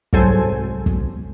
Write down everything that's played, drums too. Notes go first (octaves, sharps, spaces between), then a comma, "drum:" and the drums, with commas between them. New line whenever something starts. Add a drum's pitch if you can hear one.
C2 G#2 F#3 A4 C5 G#5, drum: kick
drum: kick